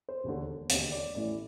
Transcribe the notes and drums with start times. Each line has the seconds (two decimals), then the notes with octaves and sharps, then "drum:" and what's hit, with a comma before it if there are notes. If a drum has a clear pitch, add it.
0.09 C5
0.24 E1 D#2 D3
0.69 E1 D#2 D3 C#5, drum: hi-hat
0.92 D5
1.15 A1 A2 E3 D5